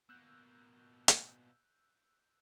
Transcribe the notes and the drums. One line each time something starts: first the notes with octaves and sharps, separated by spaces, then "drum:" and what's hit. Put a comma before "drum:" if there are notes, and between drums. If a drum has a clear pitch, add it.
B2 A#3 E6 F#6 G6
drum: hi-hat